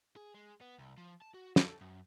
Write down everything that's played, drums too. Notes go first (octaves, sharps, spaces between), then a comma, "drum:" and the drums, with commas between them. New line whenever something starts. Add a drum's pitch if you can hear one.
G#4
G#3
B3
C2
F3
A5
F#4
A4, drum: snare
F#2